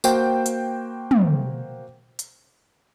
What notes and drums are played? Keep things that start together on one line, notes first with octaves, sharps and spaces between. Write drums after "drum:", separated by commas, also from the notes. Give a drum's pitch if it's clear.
A#3 F#4 C5 G5, drum: tambourine
drum: hi-hat
drum: tom
drum: hi-hat